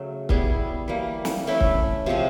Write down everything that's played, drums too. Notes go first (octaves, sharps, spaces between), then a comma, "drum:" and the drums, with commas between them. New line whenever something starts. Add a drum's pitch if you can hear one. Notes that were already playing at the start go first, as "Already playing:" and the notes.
Already playing: C#3 F#3 A3
G3 B3 E4 G#4, drum: kick C#1
E3 G3 A#3
drum: snare
E3 A3 C#4 E4
drum: kick C#1
C3 F3 G#3 C4